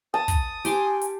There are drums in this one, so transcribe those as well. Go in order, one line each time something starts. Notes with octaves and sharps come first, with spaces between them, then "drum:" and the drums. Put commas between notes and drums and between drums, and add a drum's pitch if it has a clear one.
A5 D#6
drum: kick, hi-hat
G4 G#5 C6 D6, drum: hi-hat
drum: hi-hat